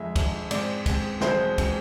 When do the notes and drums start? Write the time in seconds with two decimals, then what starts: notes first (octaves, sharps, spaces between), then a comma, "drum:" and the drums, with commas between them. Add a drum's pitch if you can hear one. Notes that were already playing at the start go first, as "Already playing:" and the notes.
Already playing: F2 D3 G#3 E5
0.16 F2 D3 G#3, drum: kick, cymbal
0.51 G#2 G#3 C4 D5, drum: cymbal
0.86 G#2 G#3 C4, drum: kick, cymbal
1.21 E1 E2 B2 G#3 C4 C5, drum: snare
1.58 B2 G#3 C4, drum: kick, cymbal